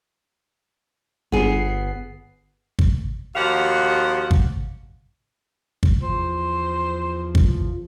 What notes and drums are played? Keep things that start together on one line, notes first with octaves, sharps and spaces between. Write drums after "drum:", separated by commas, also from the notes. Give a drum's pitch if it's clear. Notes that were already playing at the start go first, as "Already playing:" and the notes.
G1 B3 G#4 C7
drum: kick
D#2 F3 F#4 G4 F5 F#5
drum: kick
drum: kick
E2 F3 C5
drum: kick